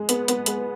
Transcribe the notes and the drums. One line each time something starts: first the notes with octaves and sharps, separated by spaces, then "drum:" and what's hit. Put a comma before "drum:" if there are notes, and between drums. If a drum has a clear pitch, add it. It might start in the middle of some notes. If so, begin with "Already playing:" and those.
Already playing: G#3
B3, drum: hi-hat
B3, drum: hi-hat
G#3, drum: hi-hat